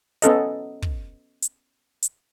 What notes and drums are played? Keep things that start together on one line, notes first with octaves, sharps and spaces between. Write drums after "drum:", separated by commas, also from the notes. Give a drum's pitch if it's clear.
B3 C#4 A4 D#5, drum: hi-hat
drum: kick
drum: hi-hat
drum: hi-hat